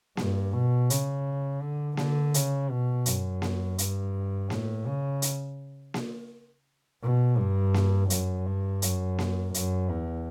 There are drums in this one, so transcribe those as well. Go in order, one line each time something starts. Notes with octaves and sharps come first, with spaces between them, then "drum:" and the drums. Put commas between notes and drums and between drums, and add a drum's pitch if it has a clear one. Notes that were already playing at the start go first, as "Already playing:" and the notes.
G2, drum: snare A#3
B2
C#3, drum: hi-hat
D3
D3, drum: snare A#3
C#3, drum: hi-hat
B2
F#2, drum: hi-hat
drum: snare A#3
G2, drum: hi-hat
A2, drum: snare A#3
C#3
drum: hi-hat
drum: snare A#3
B2
G2
drum: snare A#3
F#2, drum: hi-hat
G2
F#2, drum: hi-hat
drum: snare A#3
F#2, drum: hi-hat
E2